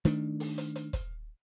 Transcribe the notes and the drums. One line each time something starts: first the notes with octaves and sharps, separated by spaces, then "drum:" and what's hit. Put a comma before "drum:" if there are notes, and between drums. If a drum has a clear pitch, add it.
D#3 A3 D4, drum: hi-hat
drum: open hi-hat
drum: hi-hat
drum: hi-hat
drum: kick, hi-hat